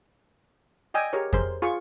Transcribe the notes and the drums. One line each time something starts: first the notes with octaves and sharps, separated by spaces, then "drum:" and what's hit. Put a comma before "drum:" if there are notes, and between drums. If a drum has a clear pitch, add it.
D5 D#5 G5 G#5 D#6 E6
G4 G#4 A#4 C#5
G#4 A#4 C5 C6, drum: kick F2
F4 G#4 C#6